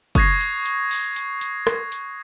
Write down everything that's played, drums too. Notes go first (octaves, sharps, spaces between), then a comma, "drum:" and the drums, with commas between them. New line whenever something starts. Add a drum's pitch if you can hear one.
C#6 D#6 F#6 G#6 A#6 C7, drum: kick F#1, hi-hat
drum: hi-hat
drum: hi-hat
drum: open hi-hat
drum: hi-hat
drum: hi-hat
drum: rim click
drum: hi-hat